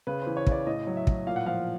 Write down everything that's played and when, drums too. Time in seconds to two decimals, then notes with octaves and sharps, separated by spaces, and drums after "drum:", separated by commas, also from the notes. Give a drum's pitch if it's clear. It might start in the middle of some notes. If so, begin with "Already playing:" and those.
0.07 C#3 B4
0.22 E3 C5
0.37 C#5
0.47 C#3, drum: kick
0.52 D5
0.66 A2 D#5
0.87 F#3
0.97 E5
1.07 A2, drum: kick
1.27 A#2 F5
1.36 F#5
1.46 F3 F5